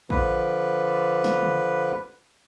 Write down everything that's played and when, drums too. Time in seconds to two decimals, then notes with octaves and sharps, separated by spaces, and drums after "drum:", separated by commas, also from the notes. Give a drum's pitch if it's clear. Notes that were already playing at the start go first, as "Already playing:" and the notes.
0.10 D3 F3 B4, drum: kick A1
1.24 drum: snare
1.42 drum: tom